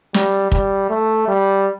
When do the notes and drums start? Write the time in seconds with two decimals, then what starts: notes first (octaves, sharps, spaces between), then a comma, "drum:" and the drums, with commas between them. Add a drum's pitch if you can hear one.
0.14 G3, drum: snare
0.52 G3, drum: kick
0.90 A3
1.28 G3